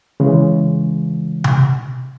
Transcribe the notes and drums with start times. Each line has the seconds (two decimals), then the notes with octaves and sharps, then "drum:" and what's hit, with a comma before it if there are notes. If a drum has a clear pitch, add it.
0.20 C#3 E3 G#3
1.44 drum: tom C3